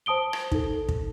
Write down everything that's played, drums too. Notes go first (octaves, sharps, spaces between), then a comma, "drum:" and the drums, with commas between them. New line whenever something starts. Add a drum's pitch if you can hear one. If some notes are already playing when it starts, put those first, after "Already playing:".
C5 A5 D#6 D7 G7
drum: rim click
D#4 A4, drum: kick
drum: kick